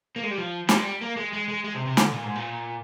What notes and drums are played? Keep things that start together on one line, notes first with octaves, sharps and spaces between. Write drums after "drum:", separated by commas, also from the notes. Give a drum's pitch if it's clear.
A#3
G#3
G3
F3
G3, drum: snare
G#3
G3
A#3
G#3
G#3
G#3
G#3
C3
C3
D3, drum: snare
A#2
G#2
A#2